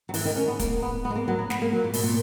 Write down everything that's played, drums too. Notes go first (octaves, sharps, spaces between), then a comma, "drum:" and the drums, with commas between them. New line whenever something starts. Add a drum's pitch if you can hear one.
F#3
E3, drum: open hi-hat
D#3
C#4
B3
A#3, drum: kick, hi-hat
B3
B3
G#3
A#3
F#3
B3
B3, drum: snare
A#3
F#3
A#2
B2, drum: open hi-hat
A#2